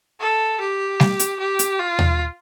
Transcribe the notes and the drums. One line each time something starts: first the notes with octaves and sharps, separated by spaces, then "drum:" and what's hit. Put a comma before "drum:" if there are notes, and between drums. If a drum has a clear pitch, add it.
A4
G4
drum: snare G3
drum: hi-hat
G4
drum: hi-hat
F4
drum: tom D#2